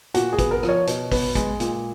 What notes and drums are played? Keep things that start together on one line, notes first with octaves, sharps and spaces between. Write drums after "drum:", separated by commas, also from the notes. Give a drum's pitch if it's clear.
A#2 F#4, drum: hi-hat
G#4
B3, drum: kick, hi-hat
A#4
F3, drum: rim click
C#5
B2, drum: hi-hat
B3, drum: kick, open hi-hat
G#3, drum: kick, hi-hat
A#2, drum: hi-hat